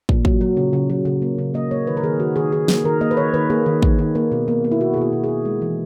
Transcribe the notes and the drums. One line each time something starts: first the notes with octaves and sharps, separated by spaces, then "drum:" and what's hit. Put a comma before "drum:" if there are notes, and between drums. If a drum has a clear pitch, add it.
A#2, drum: kick
F#3, drum: kick
F#3
C#3
C#3
F#3
C#3
A#3
C#3
A#3 D#5
A#3 C#5
D#3 B4
A#4
D#3 G#4
D#3 F#4
D#3 G#4
D#3 G#4
A#3 G#4, drum: snare
D#3 A#4
A#3 D#5
B4
D#3 C#5
D#3 B4
A#3 G#4
D#3
D#3, drum: kick
D#3
A#3
B2
A#3
A#3
E4
B2 F#4
G#4
B2 F#4
B2
A#3 G#4
G#3
E3